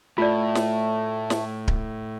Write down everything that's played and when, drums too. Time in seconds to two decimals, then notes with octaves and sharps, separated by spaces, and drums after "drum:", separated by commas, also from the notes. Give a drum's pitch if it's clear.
0.18 A2 A3 F4 D5
0.55 drum: snare
1.30 drum: snare
1.68 drum: kick D1